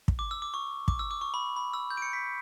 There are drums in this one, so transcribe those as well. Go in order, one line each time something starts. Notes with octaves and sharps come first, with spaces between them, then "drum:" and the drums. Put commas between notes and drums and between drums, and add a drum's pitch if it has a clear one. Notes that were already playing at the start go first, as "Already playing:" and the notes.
drum: kick
D6
E6
D6
C#6
D6, drum: kick
E6
D6
C#6
B5
B5
E6
G6
D7
C#7
B6